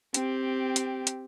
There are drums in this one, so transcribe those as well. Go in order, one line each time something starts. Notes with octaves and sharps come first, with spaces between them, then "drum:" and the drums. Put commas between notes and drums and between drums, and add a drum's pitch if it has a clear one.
C4 G4, drum: hi-hat
drum: hi-hat
drum: hi-hat